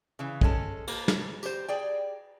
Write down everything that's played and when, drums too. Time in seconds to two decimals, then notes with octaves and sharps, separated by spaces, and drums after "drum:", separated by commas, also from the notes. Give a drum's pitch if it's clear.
0.19 C#3 E3
0.41 G#3 C#4 A4, drum: kick
0.87 A#3, drum: cymbal
1.08 drum: snare
1.43 G4 C5, drum: tambourine
1.68 G#4 D5 G5